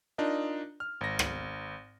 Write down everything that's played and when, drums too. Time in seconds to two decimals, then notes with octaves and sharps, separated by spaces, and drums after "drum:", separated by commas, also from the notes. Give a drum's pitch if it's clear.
0.18 D4 D#4 F4 A#4 D#5
0.80 F6
1.01 G#1 A#6
1.19 drum: rim click